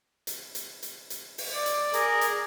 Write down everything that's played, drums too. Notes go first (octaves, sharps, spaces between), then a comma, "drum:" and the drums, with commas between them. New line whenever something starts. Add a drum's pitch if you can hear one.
drum: hi-hat
drum: hi-hat
drum: hi-hat
drum: hi-hat
drum: open hi-hat
D5
drum: hi-hat
G#4 A#4, drum: hi-hat
drum: hi-hat